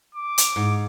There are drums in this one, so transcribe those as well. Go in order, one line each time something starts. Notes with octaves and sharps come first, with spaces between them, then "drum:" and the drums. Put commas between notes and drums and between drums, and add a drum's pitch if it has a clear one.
D6
drum: hi-hat
G#2